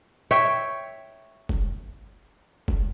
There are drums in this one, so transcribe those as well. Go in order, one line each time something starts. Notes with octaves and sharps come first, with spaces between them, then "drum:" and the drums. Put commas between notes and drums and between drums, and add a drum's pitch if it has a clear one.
C#5 E5 G5
drum: kick
drum: kick